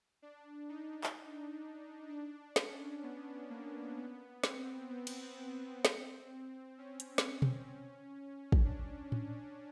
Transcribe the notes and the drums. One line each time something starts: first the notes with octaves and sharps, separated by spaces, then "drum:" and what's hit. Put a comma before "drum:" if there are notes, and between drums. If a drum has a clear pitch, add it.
D4
D#4
drum: clap
D4
C#4, drum: snare
B3
A#3
B3
C4, drum: snare
B3
drum: cymbal
C4, drum: snare
C#4
drum: hi-hat
drum: snare
drum: tom B2
drum: kick
D4
C#4, drum: tom A2